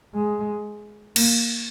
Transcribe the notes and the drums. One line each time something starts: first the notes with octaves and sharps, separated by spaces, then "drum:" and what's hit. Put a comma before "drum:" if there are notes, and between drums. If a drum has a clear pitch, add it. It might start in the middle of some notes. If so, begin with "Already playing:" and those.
G#3
A#3, drum: cymbal